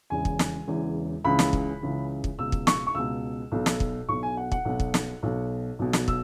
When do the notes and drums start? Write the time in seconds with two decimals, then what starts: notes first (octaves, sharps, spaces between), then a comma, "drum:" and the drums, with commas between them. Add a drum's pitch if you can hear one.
0.10 E1 E2 C#3 E3 G#5
0.25 drum: kick
0.39 drum: snare
0.67 E1 E2 C#3 E3
1.24 C#2 C#3 E3 B5
1.39 drum: snare
1.53 drum: kick
1.81 C#2 C#3 E3
2.24 drum: kick
2.38 C#2 B2 E6
2.52 drum: kick
2.67 C#6, drum: snare
2.87 C#6
2.95 C#2 B2 E6
3.52 B1 B2
3.66 drum: snare
3.80 drum: kick
4.08 B1 B2 C#6
4.23 G#5
4.37 F#5
4.52 F#5, drum: kick
4.65 B1 B2
4.80 drum: kick
4.94 drum: snare
5.23 B1 B2
5.79 B1 B2
5.93 drum: snare
6.08 E6, drum: kick